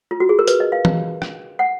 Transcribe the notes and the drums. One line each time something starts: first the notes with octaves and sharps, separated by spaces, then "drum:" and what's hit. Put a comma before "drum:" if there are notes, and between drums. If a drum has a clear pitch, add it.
F4
F#4
G#4
A#4
B4, drum: hi-hat
D#5
F5
drum: tom E3
drum: rim click
F#5